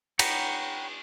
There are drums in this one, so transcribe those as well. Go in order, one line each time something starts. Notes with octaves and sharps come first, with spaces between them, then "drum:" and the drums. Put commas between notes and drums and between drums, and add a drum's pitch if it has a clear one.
C#5 F#5 G5 A#5 B5, drum: cymbal